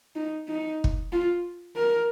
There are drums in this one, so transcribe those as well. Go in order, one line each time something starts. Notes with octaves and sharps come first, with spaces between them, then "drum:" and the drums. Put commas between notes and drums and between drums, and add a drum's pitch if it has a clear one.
D#4
D#4
drum: kick
F4
A#4